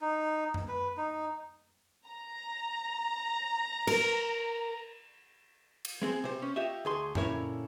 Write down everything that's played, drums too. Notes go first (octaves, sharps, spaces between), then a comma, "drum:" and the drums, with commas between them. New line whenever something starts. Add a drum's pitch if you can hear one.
D#4
drum: tom F#2
B4
D#4
A#5
A#4, drum: cymbal
drum: cymbal
G#3 C4 G#4
C3 C5
C#4
F4 G4 D#5 E5
D2 G#4 C6
A#2 D3 C#4 E4 A#4 C#5, drum: tom F#2